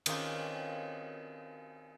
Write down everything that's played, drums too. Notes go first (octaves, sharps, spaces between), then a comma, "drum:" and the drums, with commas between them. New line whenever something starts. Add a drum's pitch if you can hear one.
D#3 C4 C#4 D#4 F4 G4, drum: cymbal